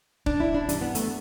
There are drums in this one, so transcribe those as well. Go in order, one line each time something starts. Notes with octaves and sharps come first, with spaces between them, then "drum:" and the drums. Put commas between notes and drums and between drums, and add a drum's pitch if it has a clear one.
D4, drum: kick D#1
E4
D4
G2 E3 G3 D4, drum: hi-hat
B3
A3, drum: hi-hat